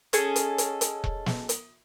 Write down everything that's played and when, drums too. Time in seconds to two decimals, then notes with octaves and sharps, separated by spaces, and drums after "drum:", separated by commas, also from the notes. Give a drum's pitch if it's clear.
0.13 C#4 G#4 A4 D#5, drum: hi-hat
0.36 drum: hi-hat
0.58 drum: hi-hat
0.81 drum: hi-hat
1.04 drum: kick E1
1.26 drum: snare
1.49 drum: hi-hat